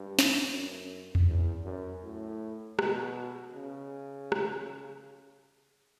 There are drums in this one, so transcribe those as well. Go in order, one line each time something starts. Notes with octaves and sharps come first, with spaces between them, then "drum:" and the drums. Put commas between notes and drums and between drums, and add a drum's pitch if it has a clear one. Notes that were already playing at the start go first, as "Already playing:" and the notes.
Already playing: G2
drum: snare
F#2
drum: tom E2
E2
F#2
A2
B2, drum: rim click
C#3
drum: rim click